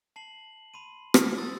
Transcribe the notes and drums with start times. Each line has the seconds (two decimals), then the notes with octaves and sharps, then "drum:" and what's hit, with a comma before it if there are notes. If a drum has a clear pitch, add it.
0.16 A5 C7 F#7
0.74 B5 C6 D#7
1.14 drum: rim click
1.38 C6 D#6 E6 A6